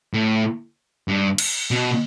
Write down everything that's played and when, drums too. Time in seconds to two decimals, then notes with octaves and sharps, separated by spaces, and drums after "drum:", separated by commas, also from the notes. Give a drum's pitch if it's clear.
0.14 A2
1.08 G2
1.38 drum: cymbal
1.71 B2